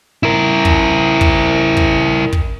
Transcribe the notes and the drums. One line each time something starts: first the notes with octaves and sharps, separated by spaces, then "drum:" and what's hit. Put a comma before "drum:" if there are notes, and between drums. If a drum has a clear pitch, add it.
E4 A#4
drum: kick
drum: kick
drum: kick
drum: kick